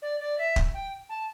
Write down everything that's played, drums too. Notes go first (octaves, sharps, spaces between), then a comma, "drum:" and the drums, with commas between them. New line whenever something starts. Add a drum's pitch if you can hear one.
D5
D5
E5
drum: kick
G5
A5